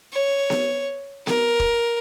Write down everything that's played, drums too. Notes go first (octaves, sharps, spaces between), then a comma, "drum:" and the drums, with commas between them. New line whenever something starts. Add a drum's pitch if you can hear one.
C#5
drum: snare B3
A#4, drum: snare B3
drum: kick E1